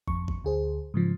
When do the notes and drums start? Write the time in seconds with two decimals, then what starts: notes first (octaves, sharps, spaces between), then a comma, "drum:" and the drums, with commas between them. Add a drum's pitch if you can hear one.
0.08 F2 C#6, drum: kick
0.28 drum: kick
0.44 D2 G#4 C5
0.94 G#2 C#3 F3